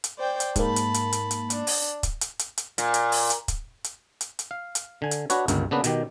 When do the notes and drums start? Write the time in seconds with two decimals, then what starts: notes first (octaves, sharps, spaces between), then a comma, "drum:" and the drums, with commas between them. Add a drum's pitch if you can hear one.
0.04 drum: hi-hat
0.18 C5 D5 G5
0.40 drum: hi-hat
0.56 G#2 A#3 A5 B5, drum: kick, hi-hat
0.76 drum: hi-hat
0.94 drum: hi-hat
1.13 drum: hi-hat
1.31 drum: hi-hat
1.50 D4, drum: hi-hat
1.67 drum: open hi-hat
2.03 drum: kick, hi-hat
2.21 drum: hi-hat
2.39 drum: hi-hat
2.58 drum: hi-hat
2.78 A#2, drum: hi-hat
2.94 drum: hi-hat
3.12 drum: open hi-hat
3.30 drum: hi-hat
3.48 drum: kick, hi-hat
3.84 drum: hi-hat
4.21 drum: hi-hat
4.39 drum: hi-hat
4.51 F5
4.75 drum: hi-hat
5.02 D3 G#5
5.11 drum: hi-hat
5.30 D4 F#4 B4 C#5, drum: hi-hat
5.48 G1 C#2 G2 A#3, drum: hi-hat
5.71 C#3 A#3 B3 D4 B4
5.84 B2 D#3 G4, drum: hi-hat